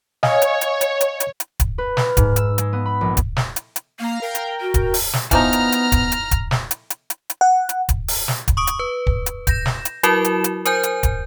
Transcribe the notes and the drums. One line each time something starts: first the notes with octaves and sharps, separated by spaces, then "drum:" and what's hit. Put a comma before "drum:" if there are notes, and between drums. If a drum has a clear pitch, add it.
C#5 D#5 F5 G#5, drum: snare
drum: hi-hat
drum: hi-hat
drum: hi-hat
drum: hi-hat
drum: hi-hat
drum: hi-hat
drum: kick, hi-hat
B4
F6, drum: snare
G#2, drum: kick, hi-hat
E6, drum: hi-hat
G#3, drum: hi-hat
B3
B5
A#1
drum: kick, hi-hat
drum: snare
drum: hi-hat
drum: hi-hat
A#3 F5 A#5
A#4 F5 G5
drum: hi-hat
F#4
drum: kick, hi-hat
drum: open hi-hat
drum: snare
E3 F3 B3 D#4 A#5 F6, drum: kick, hi-hat
drum: hi-hat
drum: hi-hat
drum: kick, hi-hat
drum: hi-hat
drum: kick, hi-hat
drum: snare
drum: hi-hat
drum: hi-hat
drum: hi-hat
drum: hi-hat
F#5
drum: hi-hat
drum: kick, hi-hat
drum: open hi-hat
drum: snare
drum: kick, hi-hat
C#6 D#6 D7
drum: hi-hat
B4
drum: kick
drum: hi-hat
G6 A#6 E7, drum: kick, hi-hat
drum: snare
drum: hi-hat
F#3 E4 F#4 A#4 E7, drum: hi-hat
drum: hi-hat
drum: hi-hat
A#4 C5 G#5 G6, drum: hi-hat
drum: hi-hat
drum: kick, hi-hat